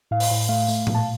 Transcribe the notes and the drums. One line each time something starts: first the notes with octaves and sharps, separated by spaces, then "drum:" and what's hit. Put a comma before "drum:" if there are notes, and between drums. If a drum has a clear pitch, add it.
A2 F5
drum: open hi-hat
A2
A3 F5
A3, drum: tambourine
A#2, drum: tom A2
A5